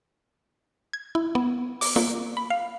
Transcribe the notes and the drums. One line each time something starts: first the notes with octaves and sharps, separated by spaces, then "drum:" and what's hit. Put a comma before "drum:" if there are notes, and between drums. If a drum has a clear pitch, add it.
G#6
E4
B3
D6, drum: open hi-hat
A#3, drum: snare
B5
F5